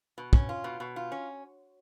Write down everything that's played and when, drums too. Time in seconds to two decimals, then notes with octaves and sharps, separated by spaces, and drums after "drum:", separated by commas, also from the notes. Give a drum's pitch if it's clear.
0.18 B2
0.33 C#4, drum: kick
0.49 F4
0.64 B2
0.80 B2
0.96 F4
1.12 C#4